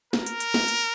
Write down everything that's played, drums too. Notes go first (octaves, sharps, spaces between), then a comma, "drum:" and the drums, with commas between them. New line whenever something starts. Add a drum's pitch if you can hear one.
A#4, drum: snare
drum: hi-hat
drum: hi-hat
drum: snare
drum: hi-hat